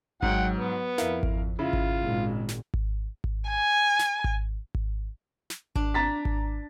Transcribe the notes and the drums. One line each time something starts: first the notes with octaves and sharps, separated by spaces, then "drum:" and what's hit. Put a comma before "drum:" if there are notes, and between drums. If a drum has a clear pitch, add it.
G#2 F#3 F#5 G5, drum: kick G#1
B3
F2 E4 A#4 F5, drum: snare
drum: kick G#1
C#3 E4 F4
drum: kick G#1
G#1 A#2 G#3
drum: snare
drum: kick G#1
drum: kick G#1
G#5
drum: snare
drum: kick G#1
drum: kick G#1
drum: snare
D4, drum: kick G#1
A#5 A6 B6
drum: kick G#1